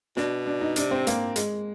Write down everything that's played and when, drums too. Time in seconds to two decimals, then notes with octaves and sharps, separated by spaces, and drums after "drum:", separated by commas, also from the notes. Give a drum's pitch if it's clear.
0.17 B2 D4, drum: snare
0.46 D4
0.61 D#4
0.76 C3 D4, drum: hi-hat
0.91 C4
1.07 A#3, drum: hi-hat
1.36 G#3, drum: hi-hat